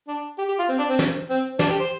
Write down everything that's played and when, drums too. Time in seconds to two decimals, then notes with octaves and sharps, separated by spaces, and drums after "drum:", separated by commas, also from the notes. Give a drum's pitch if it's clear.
0.08 D4
0.38 G4
0.49 G4
0.59 F4
0.69 C4
0.79 D4
0.89 C4
0.99 drum: snare
1.30 C4
1.59 D4, drum: snare
1.70 G4
1.80 C5